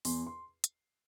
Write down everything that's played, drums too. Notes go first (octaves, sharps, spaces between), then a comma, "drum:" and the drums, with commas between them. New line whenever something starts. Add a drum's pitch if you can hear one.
E2 C6, drum: open hi-hat
C6
drum: hi-hat